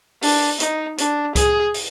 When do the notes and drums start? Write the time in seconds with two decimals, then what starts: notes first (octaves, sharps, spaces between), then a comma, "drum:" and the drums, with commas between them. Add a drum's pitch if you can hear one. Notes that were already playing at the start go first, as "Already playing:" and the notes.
0.22 D4, drum: open hi-hat
0.60 D#4, drum: hi-hat
0.98 D4, drum: hi-hat
1.35 G#4, drum: kick C#2, hi-hat
1.74 drum: open hi-hat